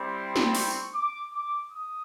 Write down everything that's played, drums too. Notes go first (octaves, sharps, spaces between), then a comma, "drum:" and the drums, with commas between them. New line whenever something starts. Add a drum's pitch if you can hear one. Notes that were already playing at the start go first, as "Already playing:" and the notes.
Already playing: G3 C4 E4 G4
C6
drum: snare
C#6, drum: open hi-hat
drum: tambourine
D6
D6
D#6